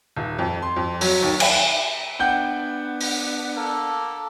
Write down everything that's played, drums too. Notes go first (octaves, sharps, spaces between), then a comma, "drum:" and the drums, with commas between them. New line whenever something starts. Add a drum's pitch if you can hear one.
D#1
F2
C6
F2
F#3, drum: open hi-hat
D#2
drum: cymbal
B3 D4 F#5 G5 G6
drum: open hi-hat
A#3 A4